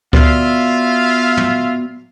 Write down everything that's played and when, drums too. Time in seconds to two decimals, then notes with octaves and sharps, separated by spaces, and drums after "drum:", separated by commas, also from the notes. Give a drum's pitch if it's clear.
0.13 B3 F4 F#4 D5 E5 F5, drum: kick C#2
1.37 drum: tom